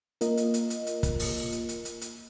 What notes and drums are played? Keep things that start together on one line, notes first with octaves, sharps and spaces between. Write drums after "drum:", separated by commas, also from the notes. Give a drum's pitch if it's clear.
A#3 F4 A#4 D#5, drum: hi-hat
drum: hi-hat
drum: hi-hat
drum: hi-hat
drum: hi-hat
drum: kick, hi-hat
drum: open hi-hat
drum: hi-hat
drum: hi-hat
drum: hi-hat
drum: hi-hat